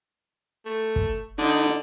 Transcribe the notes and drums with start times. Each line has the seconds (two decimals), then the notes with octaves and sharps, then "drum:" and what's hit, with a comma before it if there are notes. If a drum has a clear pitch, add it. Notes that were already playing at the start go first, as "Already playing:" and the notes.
0.65 A3
0.96 drum: kick
1.38 D3 D#4